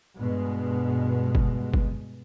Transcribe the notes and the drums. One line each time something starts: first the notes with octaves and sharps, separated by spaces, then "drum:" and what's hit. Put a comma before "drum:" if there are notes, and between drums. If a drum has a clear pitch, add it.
G2 B2 G#3
drum: kick
drum: kick